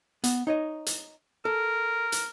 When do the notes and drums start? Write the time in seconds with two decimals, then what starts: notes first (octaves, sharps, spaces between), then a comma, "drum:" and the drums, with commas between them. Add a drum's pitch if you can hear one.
0.24 B3, drum: hi-hat
0.47 D#4 C#5 D#5
0.86 drum: hi-hat
1.45 A4 A#4
2.12 drum: hi-hat